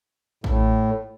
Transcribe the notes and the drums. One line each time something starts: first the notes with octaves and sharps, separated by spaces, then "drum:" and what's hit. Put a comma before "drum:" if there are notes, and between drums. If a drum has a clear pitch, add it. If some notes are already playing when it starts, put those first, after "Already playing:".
A2, drum: kick A1